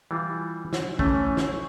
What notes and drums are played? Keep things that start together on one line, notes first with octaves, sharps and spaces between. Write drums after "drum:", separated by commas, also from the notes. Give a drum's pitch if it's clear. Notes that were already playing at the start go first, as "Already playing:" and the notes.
E3 G3 F4
drum: snare
E3 A3 C#4, drum: kick
drum: snare